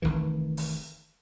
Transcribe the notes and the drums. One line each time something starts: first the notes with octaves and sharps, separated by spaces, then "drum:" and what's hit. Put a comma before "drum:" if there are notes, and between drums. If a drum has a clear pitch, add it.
F1 C#2 D#3 E3
drum: open hi-hat